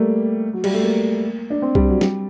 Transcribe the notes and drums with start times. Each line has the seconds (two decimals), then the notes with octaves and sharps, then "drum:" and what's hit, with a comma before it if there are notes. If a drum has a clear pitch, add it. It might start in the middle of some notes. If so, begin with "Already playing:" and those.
Already playing: G3 A3 A#3
0.53 F#3
0.64 G3, drum: cymbal
0.74 A3
0.83 A#3
1.50 D4
1.62 C4
1.75 G3, drum: kick C2
1.89 F#3
2.01 G3, drum: snare